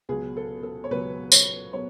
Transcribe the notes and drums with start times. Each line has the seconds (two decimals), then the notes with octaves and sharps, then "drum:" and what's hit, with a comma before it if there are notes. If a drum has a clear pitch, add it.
0.09 C#2 B2 F#3 G#4
0.37 A4
0.63 A4
0.84 C#5
0.91 C#2 B2 F#3 B4
1.32 C#5, drum: tambourine
1.73 B2 F#3 C#5